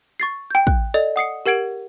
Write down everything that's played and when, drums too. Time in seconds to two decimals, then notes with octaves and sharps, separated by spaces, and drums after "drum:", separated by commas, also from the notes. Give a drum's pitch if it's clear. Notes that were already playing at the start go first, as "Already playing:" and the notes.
0.20 C#6 A6 C7
0.50 G5 G6
0.67 F#6, drum: kick
0.94 A4 D5 D#5
1.16 F#5 D#6 C7 C#7
1.46 G4 A#4 F#5 G#6 D7 F#7